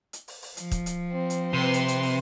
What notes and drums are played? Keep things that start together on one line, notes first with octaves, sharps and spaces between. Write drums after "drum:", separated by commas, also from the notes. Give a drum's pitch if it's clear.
drum: hi-hat
drum: open hi-hat
drum: open hi-hat
F3, drum: hi-hat
drum: kick, hi-hat
drum: hi-hat
C4
drum: hi-hat
C3 B4 C6
drum: hi-hat
drum: hi-hat
drum: open hi-hat